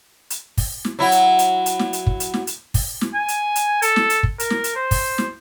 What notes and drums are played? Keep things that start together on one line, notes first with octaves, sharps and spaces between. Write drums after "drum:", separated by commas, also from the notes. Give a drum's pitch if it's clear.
drum: hi-hat
drum: kick, open hi-hat
drum: snare
F#3 E4
drum: hi-hat
drum: hi-hat
drum: hi-hat
drum: snare
drum: hi-hat
drum: kick
drum: hi-hat
drum: snare
drum: hi-hat
drum: kick, open hi-hat
drum: snare
G#5
drum: hi-hat
drum: hi-hat
A4, drum: hi-hat
drum: snare
drum: hi-hat
drum: kick
A#4, drum: hi-hat
drum: snare
drum: hi-hat
C5
drum: kick, open hi-hat
drum: snare